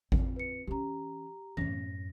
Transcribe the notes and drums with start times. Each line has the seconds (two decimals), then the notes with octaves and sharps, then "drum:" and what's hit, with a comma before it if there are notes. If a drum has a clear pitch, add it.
0.12 C4 F4, drum: kick G#1
0.36 B4 C#7
0.67 E3 C#4 G4 A#5
1.57 F#2 A2 A#6, drum: tom E3